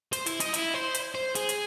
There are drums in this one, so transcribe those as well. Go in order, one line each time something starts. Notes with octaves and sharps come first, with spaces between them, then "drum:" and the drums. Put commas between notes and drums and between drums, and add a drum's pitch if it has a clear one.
C5, drum: hi-hat
E4, drum: hi-hat
D#4, drum: hi-hat
E4, drum: hi-hat
C5
drum: hi-hat
C5
G#4, drum: hi-hat
drum: hi-hat